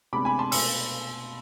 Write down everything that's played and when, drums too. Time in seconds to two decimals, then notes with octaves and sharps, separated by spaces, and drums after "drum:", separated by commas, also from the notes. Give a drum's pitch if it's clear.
0.13 D2 C3 G#3 B3 D4 B5 D6
0.25 G#5 B5
0.39 A5 C6
0.52 B2 A3 C6 E6, drum: open hi-hat